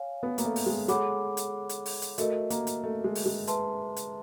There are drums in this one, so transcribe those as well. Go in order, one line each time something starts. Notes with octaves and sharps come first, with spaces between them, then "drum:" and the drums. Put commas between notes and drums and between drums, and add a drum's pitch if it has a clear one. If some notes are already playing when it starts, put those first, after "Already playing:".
Already playing: C#5 F5 G#5
B3
A#3, drum: hi-hat
A3
drum: open hi-hat
G#3
G#3 A4 C#5 F#5 B5 D6, drum: hi-hat
drum: hi-hat
drum: hi-hat
drum: open hi-hat
drum: hi-hat
A3 F#4 A#4 D#5, drum: hi-hat
A#3, drum: hi-hat
drum: hi-hat
A3
G#3
drum: open hi-hat
G#3
B4 E5 A5 C6, drum: hi-hat
drum: hi-hat